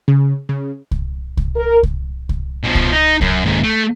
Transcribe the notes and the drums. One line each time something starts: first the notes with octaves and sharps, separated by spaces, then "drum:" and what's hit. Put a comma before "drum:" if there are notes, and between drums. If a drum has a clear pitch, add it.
C#3
C#3
drum: kick C2
drum: kick C2
A#4
drum: kick C2
drum: kick C2
B2 F3
drum: kick C2
D#4
F#2, drum: kick C2
D#2 G#2
A3